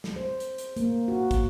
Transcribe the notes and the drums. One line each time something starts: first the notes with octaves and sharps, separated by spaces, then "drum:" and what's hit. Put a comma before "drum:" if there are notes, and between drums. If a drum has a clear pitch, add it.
drum: snare
C5
drum: hi-hat
drum: hi-hat
A#3, drum: hi-hat
F#4
drum: kick, hi-hat